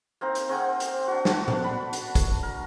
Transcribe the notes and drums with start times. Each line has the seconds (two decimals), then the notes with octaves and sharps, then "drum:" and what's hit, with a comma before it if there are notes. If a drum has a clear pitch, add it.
0.21 A#3 C4 D#4 A#4
0.35 drum: hi-hat
0.49 C4 G#4 F#5 G5
0.80 drum: hi-hat
1.08 D4 F#4
1.25 F#4 D5 A5 A#5, drum: snare
1.48 drum: tom A2
1.64 D4 B5
1.93 drum: hi-hat
2.15 drum: kick, hi-hat
2.43 A#4